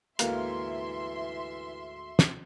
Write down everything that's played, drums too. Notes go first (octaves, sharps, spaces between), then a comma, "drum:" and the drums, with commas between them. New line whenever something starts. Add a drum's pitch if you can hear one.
D2 G#2 E3 A#3 C#4 E5 F5 C6, drum: hi-hat
drum: snare